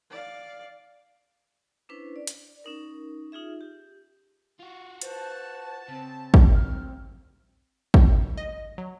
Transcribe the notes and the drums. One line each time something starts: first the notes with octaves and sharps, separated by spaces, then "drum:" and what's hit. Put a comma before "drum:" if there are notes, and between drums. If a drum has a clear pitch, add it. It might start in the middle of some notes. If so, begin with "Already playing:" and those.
D5 F5
C#4 D4 E4 B4 C5
D5
drum: hi-hat
C#4 D#4 A#4
D#4 F4 G#4 E5
G4
F4 F#4
B4 C5 A5, drum: hi-hat
C#3 C4
drum: kick
C4 F6
A2, drum: kick
D#5
F#3